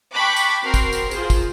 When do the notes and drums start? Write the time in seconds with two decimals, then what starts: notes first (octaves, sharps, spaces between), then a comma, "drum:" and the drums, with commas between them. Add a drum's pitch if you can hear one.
0.14 G5 A5 B5 C#6 D6 F#6
0.36 drum: tambourine
0.63 C4 F#4 A#4 C7
0.74 drum: kick, tambourine
0.93 drum: tambourine
1.11 F4 G#4 C5, drum: tambourine
1.30 drum: kick, tambourine